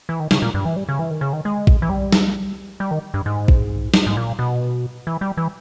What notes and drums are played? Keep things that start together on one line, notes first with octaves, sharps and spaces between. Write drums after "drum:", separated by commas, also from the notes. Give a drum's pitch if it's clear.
E3
D#3
C#3, drum: snare
A#2
G2
E3
G3
C#3
E3
D#3
C#3
D#3
G#3
drum: kick A#1
E3
G3
drum: snare
G3
D#3
G2
G#2
drum: kick A#1
drum: snare
G#2
A#2
B2
E3
G3
E3